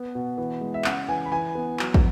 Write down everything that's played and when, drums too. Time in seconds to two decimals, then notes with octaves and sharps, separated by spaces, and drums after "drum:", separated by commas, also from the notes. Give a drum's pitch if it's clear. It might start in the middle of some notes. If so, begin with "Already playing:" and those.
Already playing: B3
0.15 B2
0.38 E3
0.61 G#3
0.74 E5
0.84 C#3 F#5, drum: clap
1.08 E3 G#5
1.26 B5
1.32 E3 G#5
1.55 B3
1.79 F#3, drum: clap
1.94 drum: kick